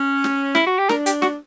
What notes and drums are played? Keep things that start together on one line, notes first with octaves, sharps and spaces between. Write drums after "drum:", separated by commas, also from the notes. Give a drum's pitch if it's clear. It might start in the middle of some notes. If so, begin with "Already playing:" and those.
Already playing: C#4
drum: snare
E4, drum: snare
F#4
G4
D4 A#4, drum: snare
G4, drum: hi-hat
F#4, drum: snare